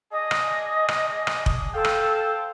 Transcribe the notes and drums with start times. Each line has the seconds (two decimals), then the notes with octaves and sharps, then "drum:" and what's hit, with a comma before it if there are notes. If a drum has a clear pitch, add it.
0.12 D4 G#4 D#5 D#6
0.31 drum: rim click
0.88 drum: rim click
1.27 drum: rim click
1.46 drum: kick F1
1.74 A4 C5 F5 G5
1.84 drum: rim click